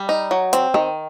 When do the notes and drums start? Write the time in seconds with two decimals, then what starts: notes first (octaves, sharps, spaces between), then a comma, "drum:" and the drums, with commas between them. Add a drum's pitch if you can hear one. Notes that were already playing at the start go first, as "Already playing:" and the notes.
Already playing: G3
0.09 D#4
0.31 F#3
0.53 C4, drum: hi-hat
0.74 D#3, drum: rim click